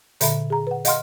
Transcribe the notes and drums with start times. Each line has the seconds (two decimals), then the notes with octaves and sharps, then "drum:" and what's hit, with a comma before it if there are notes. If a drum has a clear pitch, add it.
0.21 A#2 D3 A4 E5 A#5 B5, drum: hi-hat
0.50 G#4 A#5
0.67 B4 F#5
0.85 D#5 F5 F#5 C6 F6, drum: hi-hat